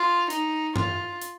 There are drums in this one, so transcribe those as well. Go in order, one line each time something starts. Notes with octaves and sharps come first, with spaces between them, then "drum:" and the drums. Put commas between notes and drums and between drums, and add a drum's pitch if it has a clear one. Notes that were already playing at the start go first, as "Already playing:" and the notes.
Already playing: F4
D#4, drum: hi-hat
F4, drum: tom G2
drum: hi-hat